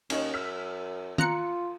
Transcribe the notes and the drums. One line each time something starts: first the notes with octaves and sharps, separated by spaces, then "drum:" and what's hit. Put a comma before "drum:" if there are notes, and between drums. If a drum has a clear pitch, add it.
D#2 C#4 D#4 C#5, drum: cymbal
F#2 E6 F6 B6
F4 A#5 F#6 C#7, drum: tom